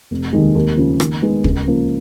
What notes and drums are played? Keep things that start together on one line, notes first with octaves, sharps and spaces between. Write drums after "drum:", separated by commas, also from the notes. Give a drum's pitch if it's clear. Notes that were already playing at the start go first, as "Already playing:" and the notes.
F1
D#2 D#3 G#3
D#2
C#3 F3
D#2, drum: rim click
D#3 G#3 B3
C#2, drum: kick
C#3 F3 A#3